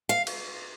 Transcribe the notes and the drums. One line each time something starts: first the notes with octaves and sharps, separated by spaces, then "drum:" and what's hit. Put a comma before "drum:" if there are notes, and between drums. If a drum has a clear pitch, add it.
F5
drum: cymbal